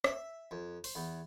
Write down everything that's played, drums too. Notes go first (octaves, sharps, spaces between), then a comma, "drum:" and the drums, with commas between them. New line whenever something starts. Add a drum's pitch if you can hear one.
E5, drum: rim click
F2
C5, drum: open hi-hat
E2